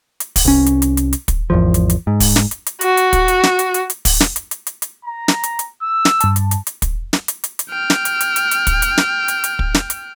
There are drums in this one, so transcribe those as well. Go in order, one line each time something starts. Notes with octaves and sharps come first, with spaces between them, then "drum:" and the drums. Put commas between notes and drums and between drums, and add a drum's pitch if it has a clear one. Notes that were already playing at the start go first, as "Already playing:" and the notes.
drum: hi-hat
drum: kick, open hi-hat
C2 C#4
drum: hi-hat
drum: hi-hat
drum: hi-hat
drum: hi-hat
drum: kick, hi-hat
G#1 E2 F3
drum: hi-hat
drum: hi-hat
G#2
drum: kick, open hi-hat
drum: snare
drum: hi-hat
drum: hi-hat
F#4, drum: hi-hat
drum: hi-hat
drum: kick, hi-hat
drum: hi-hat
drum: snare
drum: hi-hat
drum: hi-hat
drum: hi-hat
drum: kick, open hi-hat
drum: snare
drum: hi-hat
drum: hi-hat
drum: hi-hat
drum: hi-hat
A#5
drum: snare
drum: hi-hat
drum: hi-hat
E6
drum: snare
G2 A5, drum: hi-hat
drum: hi-hat
drum: hi-hat
drum: hi-hat
drum: kick, hi-hat
drum: snare
drum: hi-hat
drum: hi-hat
drum: hi-hat
G5 F6
drum: snare
drum: hi-hat
drum: hi-hat
drum: hi-hat
drum: hi-hat
drum: kick, hi-hat
drum: hi-hat
drum: snare
drum: hi-hat
drum: hi-hat
drum: kick
drum: snare
drum: hi-hat